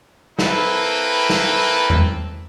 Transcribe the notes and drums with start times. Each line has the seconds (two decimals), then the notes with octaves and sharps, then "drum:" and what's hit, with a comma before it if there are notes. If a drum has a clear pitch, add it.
0.39 A#3 C4 E4 A4 B4, drum: snare
1.30 drum: snare
1.90 drum: tom E2